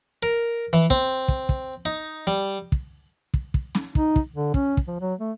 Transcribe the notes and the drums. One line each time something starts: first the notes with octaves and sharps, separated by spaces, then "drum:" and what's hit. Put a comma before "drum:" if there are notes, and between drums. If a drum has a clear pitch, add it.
A#4
E3
C4, drum: kick
drum: kick
drum: kick
D#4
G3
drum: kick
drum: kick
drum: kick
drum: snare
D#4, drum: kick
drum: kick
D3
C#4, drum: kick
drum: kick
F3
F#3
A3